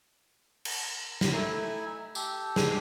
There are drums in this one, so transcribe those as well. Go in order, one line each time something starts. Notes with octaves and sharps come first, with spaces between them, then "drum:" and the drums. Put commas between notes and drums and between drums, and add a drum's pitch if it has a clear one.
drum: cymbal
drum: snare
A3 D#4 E4 G#5
G4 A4, drum: tambourine
G#3, drum: snare